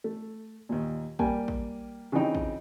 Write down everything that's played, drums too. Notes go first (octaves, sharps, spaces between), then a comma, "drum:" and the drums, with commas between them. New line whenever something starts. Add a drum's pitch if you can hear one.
A3
D#2 A#2
G3 A#3 G5 G#5, drum: kick
drum: kick
C#3 E3 F3 C4 D#4 G5
drum: kick